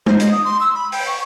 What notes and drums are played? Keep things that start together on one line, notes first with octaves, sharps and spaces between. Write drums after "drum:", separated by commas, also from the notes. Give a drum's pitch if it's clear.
C5, drum: tom
D#5, drum: hi-hat
D#6
C6
E6
B5
G5, drum: open hi-hat
C#6